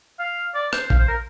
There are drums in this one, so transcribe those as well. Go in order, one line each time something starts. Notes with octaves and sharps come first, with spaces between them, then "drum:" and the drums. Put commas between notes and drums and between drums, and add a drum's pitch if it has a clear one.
F5
D5
C5, drum: rim click
F5, drum: kick A#1
C5
A#4